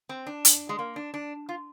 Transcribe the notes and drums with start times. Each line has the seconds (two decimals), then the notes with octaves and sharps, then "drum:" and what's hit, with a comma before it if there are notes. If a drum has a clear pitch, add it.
0.09 C4
0.27 D4
0.45 drum: hi-hat
0.69 G#3
0.79 A#3
0.96 D4
1.14 D4
1.49 F4